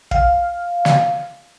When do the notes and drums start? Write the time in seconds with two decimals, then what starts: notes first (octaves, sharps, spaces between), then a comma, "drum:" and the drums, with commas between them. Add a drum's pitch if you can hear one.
0.11 F5, drum: kick
0.85 drum: snare